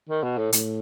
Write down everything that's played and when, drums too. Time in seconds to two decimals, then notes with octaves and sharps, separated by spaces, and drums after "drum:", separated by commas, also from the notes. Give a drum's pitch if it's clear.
0.09 D#3
0.23 B2
0.38 A2
0.52 A2, drum: hi-hat